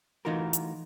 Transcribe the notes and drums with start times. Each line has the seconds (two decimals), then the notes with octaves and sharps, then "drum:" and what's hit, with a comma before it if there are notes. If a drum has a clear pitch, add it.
0.25 E3 A3 D#4 F4 F#4 A#4
0.53 drum: hi-hat